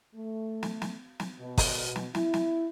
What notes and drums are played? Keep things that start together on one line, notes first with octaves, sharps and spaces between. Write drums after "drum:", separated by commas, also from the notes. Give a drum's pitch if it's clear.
A3
drum: snare
drum: snare
drum: snare
B2
drum: kick, open hi-hat
drum: snare
E4, drum: snare
drum: snare